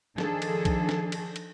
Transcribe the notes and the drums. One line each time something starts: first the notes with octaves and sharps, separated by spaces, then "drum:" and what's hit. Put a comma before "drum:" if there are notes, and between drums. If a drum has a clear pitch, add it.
D#3 F3 D4 G#4 A4, drum: snare
drum: cymbal
drum: kick B1, cymbal
drum: snare
drum: cymbal
drum: cymbal